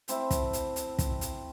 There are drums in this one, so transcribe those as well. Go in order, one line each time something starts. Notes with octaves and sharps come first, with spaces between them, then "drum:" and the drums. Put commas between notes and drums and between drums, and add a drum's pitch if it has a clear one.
A3 C4 E4 E5, drum: hi-hat
drum: kick, hi-hat
drum: hi-hat
drum: hi-hat
drum: kick, hi-hat
drum: hi-hat